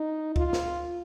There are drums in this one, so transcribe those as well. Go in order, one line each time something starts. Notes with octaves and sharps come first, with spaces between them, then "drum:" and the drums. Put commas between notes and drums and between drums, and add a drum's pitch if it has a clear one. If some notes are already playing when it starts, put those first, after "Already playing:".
Already playing: D#4
F4, drum: kick
drum: snare